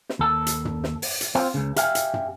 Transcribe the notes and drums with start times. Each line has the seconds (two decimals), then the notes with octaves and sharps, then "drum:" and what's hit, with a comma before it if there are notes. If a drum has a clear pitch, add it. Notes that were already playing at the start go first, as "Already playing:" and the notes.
0.09 drum: snare
0.19 D#2 A4 A5
0.47 drum: hi-hat
0.65 drum: tom
0.84 drum: snare
1.02 drum: open hi-hat
1.21 drum: hi-hat
1.35 C4 F4
1.54 C#2 C#3
1.76 G4 E5 F5 G5 G#5, drum: hi-hat
1.95 drum: hi-hat
2.14 drum: tom